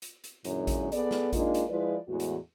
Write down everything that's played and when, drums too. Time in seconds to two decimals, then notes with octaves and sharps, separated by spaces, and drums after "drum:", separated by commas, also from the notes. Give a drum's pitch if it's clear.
0.02 drum: hi-hat
0.24 drum: hi-hat
0.44 F#2 A#2 D3 G#3 E4 C#5, drum: hi-hat
0.67 drum: kick A1, hi-hat
0.92 B3 G#4 A4 D5, drum: hi-hat
1.11 drum: snare
1.33 G#3 A#3 D4 D#4 F4, drum: kick A1, hi-hat
1.54 drum: hi-hat
1.69 F3 G#3 E4 F4 B4 D5
2.08 E2 A2 E3 G#3 F#4
2.20 drum: hi-hat